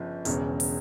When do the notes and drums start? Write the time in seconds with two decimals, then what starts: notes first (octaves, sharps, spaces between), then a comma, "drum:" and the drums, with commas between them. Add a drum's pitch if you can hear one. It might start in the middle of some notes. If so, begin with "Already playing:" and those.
Already playing: G1 C#3 F3
0.25 E1 E2 C#3, drum: hi-hat
0.60 drum: open hi-hat